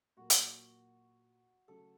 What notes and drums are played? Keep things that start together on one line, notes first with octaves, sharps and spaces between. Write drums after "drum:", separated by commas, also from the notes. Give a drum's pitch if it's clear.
A#2 F#3 A#3 F#4
drum: hi-hat
C#3 F#3 A3 A4